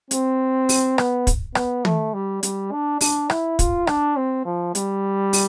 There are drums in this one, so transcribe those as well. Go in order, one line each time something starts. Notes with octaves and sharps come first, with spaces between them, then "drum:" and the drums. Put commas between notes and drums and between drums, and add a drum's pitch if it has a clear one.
C4, drum: hi-hat
drum: open hi-hat
B3, drum: rim click
drum: kick, hi-hat
B3, drum: rim click
A3, drum: tom
G3
G3, drum: hi-hat
D4
D4, drum: open hi-hat
E4, drum: rim click
F4, drum: kick, hi-hat
D4, drum: rim click
C4
F3
G3, drum: hi-hat
drum: open hi-hat